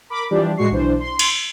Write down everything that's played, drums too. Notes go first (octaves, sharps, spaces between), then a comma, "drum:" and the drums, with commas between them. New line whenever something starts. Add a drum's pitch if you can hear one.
A#4 B5 D6
E3 F3 G3 D4 G4
A2 G#3 F#4 C#6 C7
B1 E3 D4 C5
C6
drum: cymbal